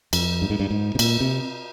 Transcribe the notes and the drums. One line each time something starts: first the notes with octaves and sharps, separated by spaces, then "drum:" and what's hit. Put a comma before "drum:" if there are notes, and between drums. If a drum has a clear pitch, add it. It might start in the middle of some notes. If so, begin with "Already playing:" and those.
F2, drum: cymbal
G2
G#2
G2
G#2
C3
A#2, drum: cymbal
C3